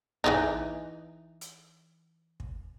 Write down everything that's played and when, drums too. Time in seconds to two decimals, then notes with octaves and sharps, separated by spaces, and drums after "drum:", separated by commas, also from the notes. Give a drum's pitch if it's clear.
0.24 E3 D4 D#4, drum: tom
1.41 drum: hi-hat
2.40 drum: kick